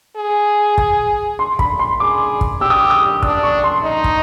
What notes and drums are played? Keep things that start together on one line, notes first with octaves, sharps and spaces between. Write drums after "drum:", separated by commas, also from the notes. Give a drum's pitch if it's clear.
G#4
drum: kick
C6
B5, drum: kick
C6
G#4 D6
drum: kick
G4 E6
D#6
D6
D#6
D4 D#6, drum: kick
C#6
C6
D#4
drum: kick